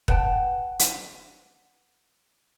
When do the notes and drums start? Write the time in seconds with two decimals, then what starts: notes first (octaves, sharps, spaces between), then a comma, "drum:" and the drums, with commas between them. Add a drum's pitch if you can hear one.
0.08 B4 F#5 G5 A5, drum: kick
0.79 drum: hi-hat